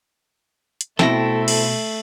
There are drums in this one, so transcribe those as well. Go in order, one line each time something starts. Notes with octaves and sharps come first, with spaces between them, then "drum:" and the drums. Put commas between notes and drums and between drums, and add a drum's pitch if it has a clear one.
drum: hi-hat
B2 A3 C4 E4 A4 A#6, drum: snare
drum: cymbal